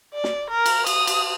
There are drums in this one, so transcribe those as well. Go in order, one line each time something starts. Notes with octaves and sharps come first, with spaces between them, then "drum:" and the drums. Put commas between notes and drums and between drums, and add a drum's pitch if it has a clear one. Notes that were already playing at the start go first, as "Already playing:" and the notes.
D5
drum: snare
A#4
drum: cymbal
D#6, drum: cymbal
drum: cymbal